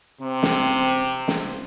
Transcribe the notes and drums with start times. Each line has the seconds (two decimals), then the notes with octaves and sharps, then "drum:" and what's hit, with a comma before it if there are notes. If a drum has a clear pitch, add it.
0.21 C3 C4
0.43 drum: snare
1.28 drum: snare